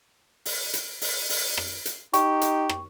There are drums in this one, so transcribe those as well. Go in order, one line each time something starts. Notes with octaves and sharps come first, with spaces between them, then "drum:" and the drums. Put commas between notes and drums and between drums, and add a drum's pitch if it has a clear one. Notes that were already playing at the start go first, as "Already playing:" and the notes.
drum: open hi-hat
drum: hi-hat
drum: open hi-hat
drum: open hi-hat
drum: rim click
drum: hi-hat
D#4 G4 C#6, drum: hi-hat
drum: hi-hat
drum: rim click